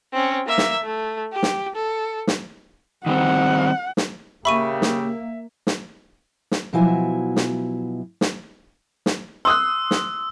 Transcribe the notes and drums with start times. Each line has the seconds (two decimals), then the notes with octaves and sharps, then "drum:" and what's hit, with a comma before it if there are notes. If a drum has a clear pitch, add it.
0.13 C4 C#4
0.47 A#3 E5
0.58 drum: snare
0.84 A3
1.32 G4
1.43 drum: snare
1.75 A4
2.27 drum: snare
3.06 D#3 G3 C4 F#5
3.97 drum: snare
4.45 C#3 A#3 G4 E5 B5 C#6 D#7
4.82 drum: snare
5.67 drum: snare
6.51 drum: snare
6.73 B2 F3 F#3 E4 E5 G#5
7.36 drum: snare
8.21 drum: snare
9.06 drum: snare
9.45 C6 D#6 E6 F#6
9.91 drum: snare